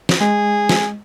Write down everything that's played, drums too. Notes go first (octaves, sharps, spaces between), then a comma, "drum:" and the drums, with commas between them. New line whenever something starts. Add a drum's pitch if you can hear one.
drum: snare
G#3 G#4
drum: snare